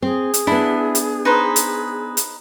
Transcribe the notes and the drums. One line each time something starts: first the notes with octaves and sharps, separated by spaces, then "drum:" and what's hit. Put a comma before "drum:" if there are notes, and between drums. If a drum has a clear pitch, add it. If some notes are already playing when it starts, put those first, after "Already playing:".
C4 G#4
drum: hi-hat
B3 D4 E4
drum: hi-hat
D#4 B4 C5
drum: hi-hat
drum: hi-hat